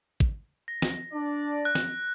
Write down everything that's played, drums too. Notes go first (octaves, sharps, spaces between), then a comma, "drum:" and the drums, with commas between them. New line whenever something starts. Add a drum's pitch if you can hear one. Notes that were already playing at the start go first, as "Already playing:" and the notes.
drum: kick
A#6
drum: snare
D4 D5
F#6
drum: snare